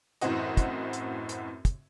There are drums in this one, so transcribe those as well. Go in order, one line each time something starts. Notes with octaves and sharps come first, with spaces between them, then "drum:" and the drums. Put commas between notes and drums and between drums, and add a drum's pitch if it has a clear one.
F#2 A2 E3 C4 F#4 D#5, drum: hi-hat
drum: kick, hi-hat
drum: hi-hat
drum: hi-hat
drum: kick, hi-hat